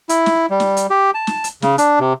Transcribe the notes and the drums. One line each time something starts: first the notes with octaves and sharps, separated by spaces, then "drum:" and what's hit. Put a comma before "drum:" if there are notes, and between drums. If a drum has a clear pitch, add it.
E4, drum: hi-hat
drum: snare
G3
drum: snare
drum: hi-hat
G4
A5
drum: snare
drum: hi-hat
C#3, drum: snare
D4, drum: hi-hat
C3